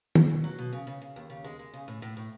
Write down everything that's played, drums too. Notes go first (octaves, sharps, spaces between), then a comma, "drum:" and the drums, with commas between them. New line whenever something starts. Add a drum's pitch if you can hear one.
A3, drum: tom
B2
F#3
B2
C#3
C#3
C#3
D#2
C#3
G#3
G#3
C#3
A2
A2
A2